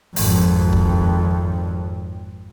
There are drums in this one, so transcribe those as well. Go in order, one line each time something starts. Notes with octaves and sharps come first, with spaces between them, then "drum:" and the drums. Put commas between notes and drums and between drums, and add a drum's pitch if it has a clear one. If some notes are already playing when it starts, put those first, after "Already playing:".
G#1 F2, drum: open hi-hat
drum: kick